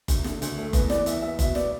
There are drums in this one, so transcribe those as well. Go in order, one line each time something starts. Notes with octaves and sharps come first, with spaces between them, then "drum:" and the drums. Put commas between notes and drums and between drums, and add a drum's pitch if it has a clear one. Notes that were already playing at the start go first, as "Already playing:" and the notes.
D2, drum: kick F#1, hi-hat
D3, drum: snare
D2, drum: hi-hat
A3
E2 B4, drum: kick F#1, hi-hat
E3 D5, drum: snare
E2 E5, drum: hi-hat
B3 E5
B2 E5, drum: kick F#1, hi-hat
B3 D5, drum: snare